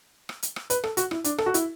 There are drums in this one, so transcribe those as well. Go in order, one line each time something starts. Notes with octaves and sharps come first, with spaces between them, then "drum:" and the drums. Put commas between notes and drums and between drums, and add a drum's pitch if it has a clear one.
drum: rim click
drum: hi-hat
drum: rim click
B4, drum: hi-hat
A4, drum: rim click
F#4, drum: hi-hat
E4, drum: rim click
D4, drum: hi-hat
A4, drum: rim click
F#4
E4, drum: hi-hat